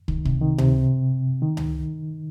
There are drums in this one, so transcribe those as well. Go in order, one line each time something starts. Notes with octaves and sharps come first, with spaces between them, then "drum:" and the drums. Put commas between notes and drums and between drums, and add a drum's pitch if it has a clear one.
D#3, drum: kick
C3, drum: kick
D#3
C3, drum: tom C#2
D#3
drum: tom C#2